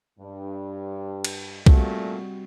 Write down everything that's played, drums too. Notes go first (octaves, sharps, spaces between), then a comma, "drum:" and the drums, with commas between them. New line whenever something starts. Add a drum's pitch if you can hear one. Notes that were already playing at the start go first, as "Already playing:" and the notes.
G2
drum: cymbal
A#2 G3 A3 C4 F#4, drum: kick B1